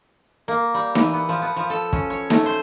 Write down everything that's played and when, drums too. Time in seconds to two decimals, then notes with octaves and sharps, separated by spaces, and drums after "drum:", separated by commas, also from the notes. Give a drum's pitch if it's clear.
0.48 A#3
0.74 G3
0.95 E3, drum: snare D#4
1.13 B3
1.29 F3
1.42 B3
1.56 F3
1.70 A4
1.93 C#4, drum: kick
2.10 C#5
2.30 A3, drum: snare D#4
2.46 C5